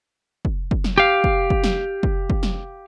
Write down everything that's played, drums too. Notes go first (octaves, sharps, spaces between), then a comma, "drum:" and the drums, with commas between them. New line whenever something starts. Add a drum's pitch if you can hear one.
drum: kick
drum: kick
drum: snare
G4 F5
drum: kick
drum: kick
drum: snare
drum: kick
drum: kick
drum: snare